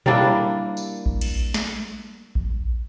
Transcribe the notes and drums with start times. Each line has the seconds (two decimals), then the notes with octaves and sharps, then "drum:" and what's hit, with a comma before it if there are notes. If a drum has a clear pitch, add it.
0.06 G3 A#3 D4 E4, drum: tom A#2
0.77 drum: tambourine
1.06 drum: kick A1
1.21 drum: cymbal
1.54 drum: snare
2.35 drum: kick A1